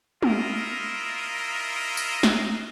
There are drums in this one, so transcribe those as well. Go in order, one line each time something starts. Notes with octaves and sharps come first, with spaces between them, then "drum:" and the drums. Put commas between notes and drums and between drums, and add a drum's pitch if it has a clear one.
E4 F4 A#4 D#5, drum: tom
drum: tambourine
drum: snare